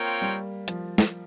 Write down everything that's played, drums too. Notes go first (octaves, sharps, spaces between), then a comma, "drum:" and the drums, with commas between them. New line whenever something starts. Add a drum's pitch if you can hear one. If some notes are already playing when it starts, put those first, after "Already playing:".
Already playing: A#3 C4 F4 A#4 C#5 G5
G3
F3, drum: hi-hat
drum: snare